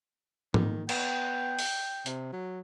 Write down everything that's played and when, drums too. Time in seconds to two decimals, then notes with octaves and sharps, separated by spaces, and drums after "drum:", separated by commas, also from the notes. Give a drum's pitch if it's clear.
0.54 D#3, drum: tom
0.89 B3 G5, drum: cymbal
1.59 drum: open hi-hat
2.06 C3, drum: hi-hat
2.33 F#3